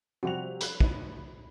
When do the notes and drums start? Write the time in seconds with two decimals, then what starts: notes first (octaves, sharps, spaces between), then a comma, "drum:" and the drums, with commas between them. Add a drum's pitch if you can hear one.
0.23 C3 F3 G3 F#4 G4 F7
0.61 B5 F#6, drum: hi-hat
0.80 drum: kick